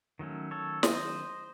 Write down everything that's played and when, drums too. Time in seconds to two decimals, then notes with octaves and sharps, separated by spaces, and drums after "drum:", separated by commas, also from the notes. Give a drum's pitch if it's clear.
0.19 D#3 F#3 A3 C#4
0.51 A4 C#5
0.83 C5 D#5, drum: snare